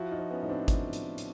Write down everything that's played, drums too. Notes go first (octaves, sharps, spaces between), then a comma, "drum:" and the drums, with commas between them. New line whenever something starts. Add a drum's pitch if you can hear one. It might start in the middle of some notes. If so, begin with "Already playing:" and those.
Already playing: F3 E4 F#4
D#4 F4
F3
B3 C#4
A2 D#4
C4 D4
drum: kick G#1, hi-hat
drum: hi-hat
drum: hi-hat